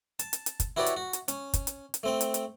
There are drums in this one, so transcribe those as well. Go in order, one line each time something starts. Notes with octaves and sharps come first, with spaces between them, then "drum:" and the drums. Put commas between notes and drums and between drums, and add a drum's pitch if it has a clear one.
A5, drum: hi-hat
drum: hi-hat
drum: hi-hat
drum: kick, hi-hat
E4 F#4 G4 B4 C#5 D5
drum: hi-hat
F#4
drum: hi-hat
C#4, drum: hi-hat
drum: kick, hi-hat
drum: hi-hat
drum: hi-hat
A3 C4 G5
drum: hi-hat
drum: hi-hat